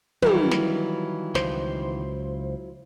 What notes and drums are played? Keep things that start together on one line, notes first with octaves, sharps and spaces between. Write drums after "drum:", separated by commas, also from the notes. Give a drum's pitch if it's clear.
D#3 E3 F#3 G3 E4 F4, drum: tom
drum: snare
C#2 C5, drum: snare